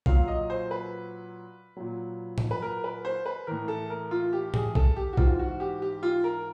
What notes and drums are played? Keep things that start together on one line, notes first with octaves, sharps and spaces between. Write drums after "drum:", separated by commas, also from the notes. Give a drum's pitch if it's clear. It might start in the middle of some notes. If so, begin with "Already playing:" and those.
A#2 F#3 F5, drum: kick B1
D#5
C5
B4
A#2 F#3
drum: tom A2
B4
A#4
B4
C5
B4
A2 E3 A#4
A4
A#4
F4
G4
G#4, drum: tom A2
A4, drum: kick B1
G4
F#4
G#2 E3 F4, drum: kick B1
F#4
G4
G4
F4
A#4